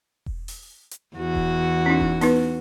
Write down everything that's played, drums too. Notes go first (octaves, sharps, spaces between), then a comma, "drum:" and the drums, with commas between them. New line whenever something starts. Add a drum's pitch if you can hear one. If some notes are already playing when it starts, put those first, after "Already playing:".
drum: kick E1
drum: open hi-hat
drum: hi-hat
E2 F#4
drum: kick E1
C#4 D#4
drum: kick E1
B3 D#4 B4, drum: open hi-hat